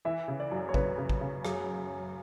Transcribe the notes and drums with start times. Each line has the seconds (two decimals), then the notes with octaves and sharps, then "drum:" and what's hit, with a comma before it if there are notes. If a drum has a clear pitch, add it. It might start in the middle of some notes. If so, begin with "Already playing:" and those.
0.05 E3 E5
0.28 C#3
0.40 D5
0.51 F#2
0.69 C#5
0.74 C#3 B4, drum: kick A1
0.98 C#3
1.09 drum: kick A1
1.21 C#3
1.45 F#2 G#4, drum: rim click